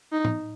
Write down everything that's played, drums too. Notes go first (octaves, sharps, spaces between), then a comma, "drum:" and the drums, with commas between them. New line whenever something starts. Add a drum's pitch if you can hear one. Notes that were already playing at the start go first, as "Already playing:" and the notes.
D#4
drum: tom A2